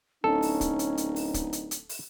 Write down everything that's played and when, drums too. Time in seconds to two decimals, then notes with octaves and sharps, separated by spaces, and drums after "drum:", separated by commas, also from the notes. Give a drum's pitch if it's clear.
0.24 D1 C#4 D#4 A4
0.42 drum: open hi-hat
0.61 drum: kick C#1, hi-hat
0.79 drum: hi-hat
0.97 drum: hi-hat
1.16 drum: open hi-hat
1.34 drum: kick C#1, hi-hat
1.53 drum: hi-hat
1.71 drum: hi-hat
1.89 drum: open hi-hat